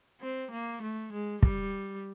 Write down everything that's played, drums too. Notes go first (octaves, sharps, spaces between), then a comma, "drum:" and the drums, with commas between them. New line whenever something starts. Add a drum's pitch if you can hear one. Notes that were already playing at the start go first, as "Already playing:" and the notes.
C4
A#3
A3
G#3
G3, drum: kick